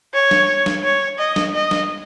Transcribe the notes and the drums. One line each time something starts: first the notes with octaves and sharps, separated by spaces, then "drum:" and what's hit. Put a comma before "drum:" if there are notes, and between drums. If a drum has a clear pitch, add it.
C#5
drum: snare
drum: snare
C#5
D#5
drum: snare
D#5
drum: snare